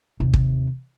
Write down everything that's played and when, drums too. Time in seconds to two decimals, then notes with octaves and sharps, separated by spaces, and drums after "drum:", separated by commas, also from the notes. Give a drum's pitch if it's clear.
0.20 D#2 C3
0.34 drum: kick